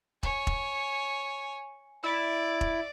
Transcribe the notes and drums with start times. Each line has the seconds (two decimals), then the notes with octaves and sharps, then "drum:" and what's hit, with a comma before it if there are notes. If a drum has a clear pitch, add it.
0.23 C#5 G#5, drum: kick E1
0.47 drum: kick E1
2.04 E4 D5
2.61 drum: kick E1